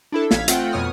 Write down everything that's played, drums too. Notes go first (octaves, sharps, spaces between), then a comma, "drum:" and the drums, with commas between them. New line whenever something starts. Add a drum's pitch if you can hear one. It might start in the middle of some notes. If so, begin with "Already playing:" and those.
D4 E4 A4
A1 F5 G#6 B6, drum: snare
A3 C4 F4 F#5 G5, drum: hi-hat
F2 B2 C#5 D#6 F6